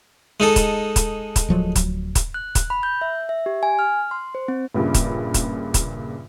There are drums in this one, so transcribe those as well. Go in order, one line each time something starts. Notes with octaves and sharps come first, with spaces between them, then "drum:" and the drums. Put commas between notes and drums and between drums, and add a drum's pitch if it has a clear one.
G#3 D#4 A4
drum: kick, hi-hat
drum: kick, hi-hat
drum: kick, hi-hat
D1 F3 F#3
drum: kick, hi-hat
drum: kick, hi-hat
F#6
drum: kick, hi-hat
B5
G6
E5
E5
G4
G#5
F6
C6
C5
C4
A#1 G2 A#2 C#3
drum: kick, hi-hat
drum: kick, hi-hat
drum: kick, hi-hat